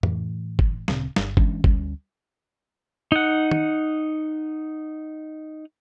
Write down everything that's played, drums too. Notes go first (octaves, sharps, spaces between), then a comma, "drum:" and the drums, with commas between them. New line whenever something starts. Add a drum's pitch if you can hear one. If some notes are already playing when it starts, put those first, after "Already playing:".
A2 E3, drum: tom F2
drum: kick
D1 A#2 C#3 C4, drum: snare
G1, drum: snare
E3 G#3 C#4 D4, drum: kick
D2 G3 C#4, drum: kick
D#4 F#5
drum: tom